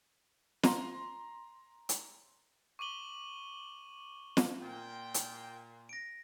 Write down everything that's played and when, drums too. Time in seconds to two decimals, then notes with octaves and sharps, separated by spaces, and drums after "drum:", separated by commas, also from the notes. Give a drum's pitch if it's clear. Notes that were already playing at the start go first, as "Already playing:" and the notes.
0.63 A#5 C6, drum: snare
1.89 drum: hi-hat
2.79 C#6 D6 D#7 F#7 G7
4.37 drum: snare
4.62 A#2 G5
5.14 drum: hi-hat
5.89 A#6 D7